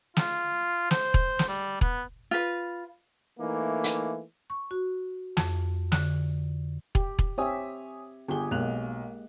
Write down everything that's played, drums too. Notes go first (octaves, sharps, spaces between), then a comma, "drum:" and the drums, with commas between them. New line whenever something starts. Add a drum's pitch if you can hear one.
F4, drum: snare
C5, drum: snare
drum: kick E1
drum: snare
G3
B3, drum: kick E1
F4 B4
E3 A3 A#3 D#4
drum: hi-hat
C#6
F#4
F2, drum: snare
D3, drum: snare
G4, drum: kick E1
drum: kick E1
C4 G4 C#5 E5 G#5 D#6
G1 G4 G#4 G7
B1 G#3 A#3 F#6 F7